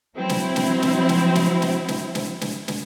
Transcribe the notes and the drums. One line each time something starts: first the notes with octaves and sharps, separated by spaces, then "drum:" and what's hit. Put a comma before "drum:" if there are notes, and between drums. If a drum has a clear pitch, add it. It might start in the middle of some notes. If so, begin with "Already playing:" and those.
F3 F#3 C4 E4
drum: snare
drum: snare
drum: snare
drum: snare
drum: snare
drum: snare
drum: snare
drum: snare
drum: snare
drum: snare